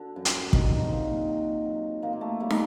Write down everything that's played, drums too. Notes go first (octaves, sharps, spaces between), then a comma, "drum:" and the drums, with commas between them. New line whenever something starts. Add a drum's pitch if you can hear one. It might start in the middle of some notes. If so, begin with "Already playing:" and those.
Already playing: D3 D4 F#4
F#2
drum: hi-hat
F#3 D#4 G4, drum: kick
C4 D#4
A#2
F#3
F#3
A#2 A#3
A#3
A3
G3 A#3
D#4, drum: snare